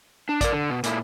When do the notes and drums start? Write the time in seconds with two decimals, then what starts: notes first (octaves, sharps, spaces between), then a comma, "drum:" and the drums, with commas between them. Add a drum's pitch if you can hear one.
0.29 D4
0.41 A#4 D5, drum: kick, hi-hat
0.52 D3
0.70 B2
0.83 A#2 E4, drum: hi-hat